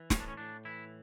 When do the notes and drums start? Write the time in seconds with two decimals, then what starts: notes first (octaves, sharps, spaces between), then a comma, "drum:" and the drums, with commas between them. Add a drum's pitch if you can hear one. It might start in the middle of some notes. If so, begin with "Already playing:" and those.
Already playing: E3
0.10 A2 C#4, drum: snare
0.20 D4
0.28 C#4
0.37 A2 D4
0.65 E3 E4